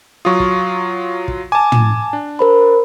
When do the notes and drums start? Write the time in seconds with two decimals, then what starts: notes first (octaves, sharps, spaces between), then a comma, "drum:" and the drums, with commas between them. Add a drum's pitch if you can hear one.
0.25 F#3 F4 C#6 D#6
0.40 drum: kick
1.28 drum: kick
1.52 G#5 A5 D6
1.72 drum: tom
2.13 D4
2.39 A#4 C5 B5